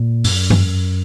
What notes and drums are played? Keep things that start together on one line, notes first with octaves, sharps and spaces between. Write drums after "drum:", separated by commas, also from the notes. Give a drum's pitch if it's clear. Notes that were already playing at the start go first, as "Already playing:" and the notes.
Already playing: A#2
F#2, drum: open hi-hat
drum: tom G2